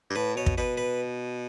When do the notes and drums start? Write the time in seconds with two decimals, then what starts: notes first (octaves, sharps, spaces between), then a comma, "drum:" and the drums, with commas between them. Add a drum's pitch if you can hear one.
0.10 G2
0.15 A2 B4
0.36 B2 C#5
0.46 drum: kick
0.57 B2 B4
0.77 B4